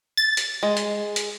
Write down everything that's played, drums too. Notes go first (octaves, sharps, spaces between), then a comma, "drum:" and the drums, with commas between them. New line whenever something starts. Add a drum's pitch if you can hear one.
A6
drum: hi-hat
G#3
drum: hi-hat
drum: hi-hat